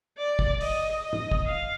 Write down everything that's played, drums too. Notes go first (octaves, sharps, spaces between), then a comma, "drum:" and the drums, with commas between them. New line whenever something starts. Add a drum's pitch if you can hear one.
D5
drum: kick
D#5, drum: open hi-hat
D#5
drum: tom
drum: kick
F5